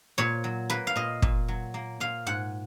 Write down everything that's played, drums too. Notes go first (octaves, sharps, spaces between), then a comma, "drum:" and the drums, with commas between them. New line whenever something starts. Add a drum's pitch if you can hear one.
A#2 C#5
F#3
A#3 B4
F5
A#2 D#5
A#2, drum: kick
F#3
A#3
A#2 F5
G#2 F#5